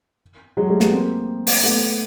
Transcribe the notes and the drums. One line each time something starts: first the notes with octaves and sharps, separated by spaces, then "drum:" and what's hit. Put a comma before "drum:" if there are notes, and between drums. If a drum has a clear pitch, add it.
F#3 G#3
G3 A3
A3 B3, drum: snare
A#3 C4
drum: open hi-hat
A3 B3